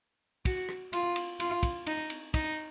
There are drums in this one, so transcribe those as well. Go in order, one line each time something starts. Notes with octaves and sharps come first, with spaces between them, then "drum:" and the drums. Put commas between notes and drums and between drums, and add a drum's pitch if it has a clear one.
F#4, drum: kick, cymbal
drum: rim click
F4, drum: cymbal
drum: cymbal
F4, drum: cymbal
drum: kick, cymbal
D#4, drum: cymbal
drum: cymbal
D#4, drum: kick, cymbal